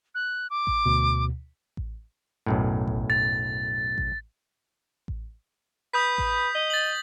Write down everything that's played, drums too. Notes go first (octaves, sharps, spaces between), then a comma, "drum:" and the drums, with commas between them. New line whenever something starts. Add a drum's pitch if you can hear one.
F#6
D6
drum: kick A1
D2 B2
drum: kick A1
B1 F#2 A2
drum: kick A1
A6
drum: kick A1
drum: kick A1
B4 D#6 G6 B6
drum: kick A1
D#5
A6 F#7